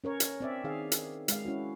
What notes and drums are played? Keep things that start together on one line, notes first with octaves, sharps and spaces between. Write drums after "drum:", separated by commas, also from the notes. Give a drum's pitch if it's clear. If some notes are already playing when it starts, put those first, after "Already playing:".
C#4 A#4 C#5
drum: hi-hat
C4 D5 E5
D#3 G#4 F5
drum: hi-hat
G#3 F5, drum: hi-hat
C#4 E4 F#4